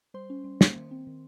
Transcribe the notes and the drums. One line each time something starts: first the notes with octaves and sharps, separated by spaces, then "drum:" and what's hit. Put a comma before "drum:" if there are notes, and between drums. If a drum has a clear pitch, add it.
G3 C5 C6
C#4
G3
A#3, drum: snare
D#3
C4
D#3